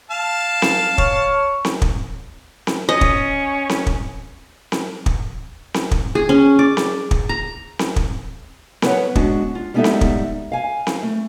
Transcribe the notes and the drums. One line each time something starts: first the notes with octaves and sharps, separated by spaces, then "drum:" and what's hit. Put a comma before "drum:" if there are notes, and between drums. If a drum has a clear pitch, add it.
F5 A5
drum: snare C4
C#5, drum: kick
drum: snare C4
drum: kick
drum: snare C4
C#4 D#5
drum: kick
drum: snare C4
drum: kick
drum: snare C4
drum: kick
drum: snare C4
drum: kick
G#4
C#4
D5
drum: snare C4
drum: kick
A#5
drum: snare C4
drum: kick
B3 B4 C#5 F#5, drum: snare C4
G#3 B3 D4 F#4, drum: kick
F4
G3 G#3 B3 D#4 A4 E5
drum: snare C4
drum: kick
F5 G#5
drum: snare C4
A3